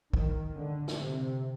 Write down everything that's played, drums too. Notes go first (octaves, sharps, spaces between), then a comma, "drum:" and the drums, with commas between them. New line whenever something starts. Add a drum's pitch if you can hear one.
D#3, drum: kick
D3
drum: snare
C3